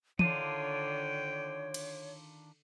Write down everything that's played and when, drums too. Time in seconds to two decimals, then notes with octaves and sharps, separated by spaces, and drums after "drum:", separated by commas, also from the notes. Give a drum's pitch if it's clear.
0.19 D3 D#3 D4 F4 C#5 G5 D#7, drum: tom
1.74 drum: cymbal